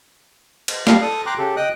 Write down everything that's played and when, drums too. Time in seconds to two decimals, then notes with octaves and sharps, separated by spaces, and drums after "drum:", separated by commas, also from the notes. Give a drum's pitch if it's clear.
0.68 drum: cymbal
0.87 G3 D4 F5, drum: snare
1.02 A4 D#6
1.26 G5 A#5 C6 D6 F#6
1.38 C#3 G4 A4
1.56 D#5 G5 D#6 F#6